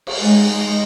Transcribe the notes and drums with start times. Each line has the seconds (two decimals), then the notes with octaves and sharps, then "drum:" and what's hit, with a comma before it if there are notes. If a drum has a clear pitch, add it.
0.07 drum: cymbal
0.21 G#3 D#4